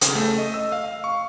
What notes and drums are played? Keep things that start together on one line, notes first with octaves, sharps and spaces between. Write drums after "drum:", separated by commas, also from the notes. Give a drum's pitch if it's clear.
C#3, drum: hi-hat
A3
D#5
E6
F5
C#6